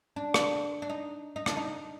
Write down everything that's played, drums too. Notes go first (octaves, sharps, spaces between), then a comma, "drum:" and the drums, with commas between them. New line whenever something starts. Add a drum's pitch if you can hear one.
D4
drum: rim click
D4
D#4
D#4
D4, drum: rim click
D#4